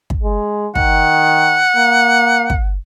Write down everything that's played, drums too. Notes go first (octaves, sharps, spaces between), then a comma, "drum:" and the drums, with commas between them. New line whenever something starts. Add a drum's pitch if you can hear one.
drum: kick
G#3
D#3 F#5, drum: kick
A#3
drum: kick